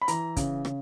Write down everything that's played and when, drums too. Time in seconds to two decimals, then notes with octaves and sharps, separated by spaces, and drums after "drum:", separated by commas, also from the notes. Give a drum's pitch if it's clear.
0.02 B5
0.08 E3 A#5, drum: hi-hat
0.36 C#3, drum: kick, hi-hat
0.65 C#3, drum: rim click